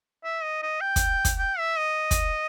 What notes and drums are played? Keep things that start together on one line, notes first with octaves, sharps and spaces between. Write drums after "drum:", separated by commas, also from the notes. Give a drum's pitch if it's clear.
E5
D#5
D#5
G5
drum: kick, hi-hat
drum: kick, hi-hat
G5
E5
D#5
drum: kick, hi-hat